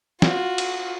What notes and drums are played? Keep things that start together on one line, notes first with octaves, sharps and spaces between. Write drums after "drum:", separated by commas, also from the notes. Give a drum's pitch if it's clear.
F4 F#4, drum: snare
drum: cymbal